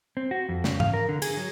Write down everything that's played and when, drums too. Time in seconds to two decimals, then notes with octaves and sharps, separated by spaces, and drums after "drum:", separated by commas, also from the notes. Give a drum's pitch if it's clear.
0.17 C4
0.31 F#4
0.49 F2
0.64 C#3, drum: snare
0.80 F5, drum: tom G#2
0.94 A#4
1.09 D3
1.22 G#4, drum: cymbal
1.37 F#3